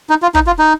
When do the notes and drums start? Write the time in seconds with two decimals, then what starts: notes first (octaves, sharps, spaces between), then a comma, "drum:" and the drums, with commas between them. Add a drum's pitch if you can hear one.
0.10 D#4
0.22 F4
0.35 D#4, drum: kick
0.47 F4
0.59 D#4